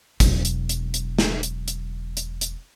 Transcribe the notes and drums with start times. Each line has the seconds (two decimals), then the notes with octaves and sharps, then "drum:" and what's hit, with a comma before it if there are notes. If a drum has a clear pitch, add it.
0.20 E1 F#3, drum: kick G#1, hi-hat
0.45 drum: hi-hat
0.69 drum: hi-hat
0.94 drum: hi-hat
1.18 drum: snare
1.43 drum: hi-hat
1.68 drum: hi-hat
2.17 drum: hi-hat
2.41 drum: hi-hat